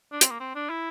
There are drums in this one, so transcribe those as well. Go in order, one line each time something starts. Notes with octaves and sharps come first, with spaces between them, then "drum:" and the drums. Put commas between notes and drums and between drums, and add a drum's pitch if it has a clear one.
D4
C4, drum: hi-hat
A#3
C4
D4
E4